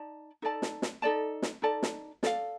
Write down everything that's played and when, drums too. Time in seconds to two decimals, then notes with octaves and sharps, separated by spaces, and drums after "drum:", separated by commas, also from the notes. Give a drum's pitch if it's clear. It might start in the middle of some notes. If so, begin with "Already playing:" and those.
Already playing: D#4 D5 A5
0.42 D#4 A4 D5 A5
0.62 drum: snare
0.82 drum: snare
1.02 D#4 A4 D5 A5
1.42 drum: snare
1.62 D#4 A4 D5 A5
1.83 drum: snare
2.23 A4 D5 F5, drum: snare